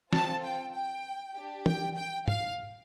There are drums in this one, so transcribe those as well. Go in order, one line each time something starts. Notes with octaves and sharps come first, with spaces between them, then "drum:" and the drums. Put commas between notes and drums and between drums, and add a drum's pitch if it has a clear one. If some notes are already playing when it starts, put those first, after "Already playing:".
C4 F4 A4 A5, drum: snare
G5
G5
D4 G4
G5, drum: tom
G5
F5, drum: tom